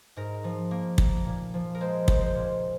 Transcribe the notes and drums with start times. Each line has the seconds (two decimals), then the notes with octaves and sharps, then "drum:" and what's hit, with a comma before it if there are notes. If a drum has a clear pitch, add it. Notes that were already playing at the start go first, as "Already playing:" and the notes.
0.16 G#2 A#4
0.44 F3
0.71 A#3
0.98 A#3, drum: kick
1.26 A#2
1.54 F3
1.75 A#4
1.81 G#3 C5
2.08 G#3 A#4, drum: kick
2.22 C5
2.35 A#2